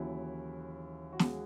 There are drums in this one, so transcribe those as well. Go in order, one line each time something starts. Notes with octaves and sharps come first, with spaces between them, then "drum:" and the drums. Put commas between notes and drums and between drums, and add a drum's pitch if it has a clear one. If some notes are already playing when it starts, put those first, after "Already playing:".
Already playing: D#2 C#3 E3 F#3 E4
F#4
G#3 G#4, drum: snare